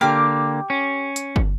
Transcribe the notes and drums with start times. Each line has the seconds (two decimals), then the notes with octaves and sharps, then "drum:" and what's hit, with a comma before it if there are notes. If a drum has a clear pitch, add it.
0.01 D3 A#3 G4 D6 F6
0.70 C#4
1.16 drum: hi-hat
1.36 drum: kick